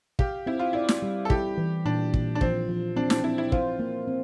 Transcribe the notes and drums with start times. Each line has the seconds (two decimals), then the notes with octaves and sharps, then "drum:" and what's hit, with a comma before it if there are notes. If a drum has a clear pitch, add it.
0.19 G4 F5, drum: kick
0.46 C4 E4
0.59 F4
0.73 E4 D5
0.89 drum: snare
1.02 G3
1.25 A4
1.30 E4 G4, drum: kick
1.57 E3
1.86 A#2 D4
2.14 A#2, drum: kick
2.35 D4
2.41 F3 C4, drum: kick
2.69 F3
2.96 C4 D4
3.10 D4, drum: snare
3.24 C4 E4
3.38 E4
3.52 F4 C5, drum: kick
3.80 A#3
4.08 C4